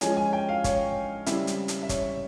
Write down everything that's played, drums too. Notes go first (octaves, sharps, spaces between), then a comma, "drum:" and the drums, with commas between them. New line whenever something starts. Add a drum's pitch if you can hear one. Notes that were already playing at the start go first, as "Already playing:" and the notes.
F3 G#3 C#4 G#5, drum: hi-hat
G#5
G5
F5
C#5, drum: kick, hi-hat
C#3 G3 C4 E4 E5, drum: hi-hat
drum: hi-hat
drum: hi-hat
E5
C#5, drum: kick, hi-hat